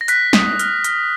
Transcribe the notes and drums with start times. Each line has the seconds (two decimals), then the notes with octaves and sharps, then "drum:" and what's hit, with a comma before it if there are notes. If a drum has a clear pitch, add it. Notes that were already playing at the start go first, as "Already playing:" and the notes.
0.01 A#6
0.08 F#6 B6, drum: hi-hat
0.33 D#6, drum: snare
0.59 F6, drum: hi-hat
0.84 F6, drum: hi-hat